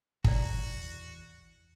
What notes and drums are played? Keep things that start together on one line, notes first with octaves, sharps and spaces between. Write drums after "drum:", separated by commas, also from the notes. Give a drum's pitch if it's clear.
E2 E4 F#4 D5, drum: kick